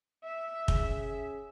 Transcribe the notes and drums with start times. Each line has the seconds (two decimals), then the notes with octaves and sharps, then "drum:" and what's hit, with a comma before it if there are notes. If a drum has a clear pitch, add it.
0.24 E5
0.68 C#4 G#4, drum: kick